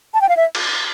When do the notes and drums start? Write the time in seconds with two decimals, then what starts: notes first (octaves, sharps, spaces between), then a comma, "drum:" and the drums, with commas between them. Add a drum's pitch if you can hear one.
0.14 A5
0.21 G5
0.29 F5
0.37 E5
0.55 drum: cymbal